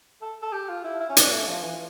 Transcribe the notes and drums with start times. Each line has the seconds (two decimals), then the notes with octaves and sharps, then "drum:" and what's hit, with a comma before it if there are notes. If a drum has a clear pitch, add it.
0.22 A4
0.42 A4
0.53 G4
0.69 F4
0.84 E4
1.00 E4
1.09 C#4
1.17 D4, drum: hi-hat
1.32 A3
1.47 F3
1.63 E3